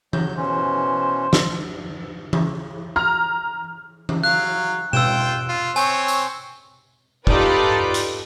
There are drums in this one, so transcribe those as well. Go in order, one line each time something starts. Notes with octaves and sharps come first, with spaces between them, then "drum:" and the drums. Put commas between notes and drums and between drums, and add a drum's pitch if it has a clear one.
F#3 G6, drum: tom E3
B2 E3 C#4 C5
drum: snare
drum: tom E3
A#5 F6
drum: tom E3
F#3 F5 F#6
F4 G5 E6 E7, drum: tom B2
F4
C4 C#5 G#5, drum: tambourine
drum: tambourine
D#4 F4 G4 A4 B4 D5, drum: kick
drum: hi-hat